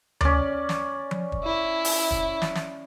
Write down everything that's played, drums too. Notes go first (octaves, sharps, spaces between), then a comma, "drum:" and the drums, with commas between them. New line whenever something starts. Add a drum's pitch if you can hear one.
C#4 D5, drum: tom D2
drum: snare
drum: tom F3
drum: kick
E4
drum: open hi-hat
drum: kick
drum: snare
drum: snare